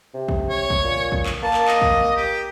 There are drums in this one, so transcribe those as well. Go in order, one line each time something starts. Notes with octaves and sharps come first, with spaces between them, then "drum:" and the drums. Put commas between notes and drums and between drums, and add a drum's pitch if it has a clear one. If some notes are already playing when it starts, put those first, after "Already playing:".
C3
drum: kick
C#5
drum: kick
A#2
drum: kick
drum: clap
A#3 A5
drum: clap
D#5, drum: clap
drum: kick
G4